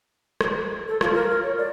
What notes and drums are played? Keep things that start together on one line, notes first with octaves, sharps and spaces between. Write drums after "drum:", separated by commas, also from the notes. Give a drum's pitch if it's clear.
drum: rim click
A4
F4, drum: rim click
A#4
A#4
C#5
D5